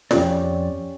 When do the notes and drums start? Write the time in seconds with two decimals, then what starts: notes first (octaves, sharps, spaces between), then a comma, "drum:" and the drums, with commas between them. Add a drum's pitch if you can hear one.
0.11 F2 C#3 C#4 G4 D5, drum: snare